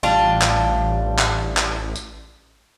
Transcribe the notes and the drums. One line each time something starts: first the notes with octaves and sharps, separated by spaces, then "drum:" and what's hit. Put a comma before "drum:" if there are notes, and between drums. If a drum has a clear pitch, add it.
A1 G3 D4 F4
drum: clap
drum: clap
drum: clap
drum: tambourine